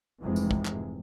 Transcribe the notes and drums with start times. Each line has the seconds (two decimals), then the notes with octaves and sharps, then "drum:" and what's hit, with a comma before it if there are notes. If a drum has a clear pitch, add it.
0.21 F1 G#2 C3 E3 G#3
0.36 drum: tambourine
0.51 drum: kick
0.65 drum: clap